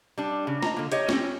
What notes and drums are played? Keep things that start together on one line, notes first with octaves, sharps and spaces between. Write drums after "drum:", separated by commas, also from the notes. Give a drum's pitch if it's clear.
G3 D4
C#3
D#5 A#5, drum: snare
D3 A#3
G4 C#5 D#5, drum: hi-hat
C4 C#4, drum: snare